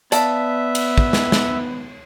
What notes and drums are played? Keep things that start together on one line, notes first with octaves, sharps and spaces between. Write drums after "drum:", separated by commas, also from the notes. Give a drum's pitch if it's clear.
B3 D5 E5 F5 A5, drum: hi-hat
drum: cymbal
drum: kick
drum: snare
drum: snare